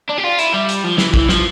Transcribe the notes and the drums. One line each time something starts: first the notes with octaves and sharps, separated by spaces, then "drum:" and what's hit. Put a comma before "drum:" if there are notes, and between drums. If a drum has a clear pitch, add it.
D4
G4
F4
E4, drum: hi-hat
G3
drum: hi-hat
F3
E3, drum: snare
E3, drum: kick
F3, drum: snare